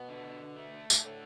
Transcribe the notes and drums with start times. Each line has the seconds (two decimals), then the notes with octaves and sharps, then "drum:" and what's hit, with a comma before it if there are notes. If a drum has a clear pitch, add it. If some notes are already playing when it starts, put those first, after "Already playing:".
Already playing: B2 B3
0.09 D3
0.56 A3
0.90 drum: tambourine
1.04 A2 D3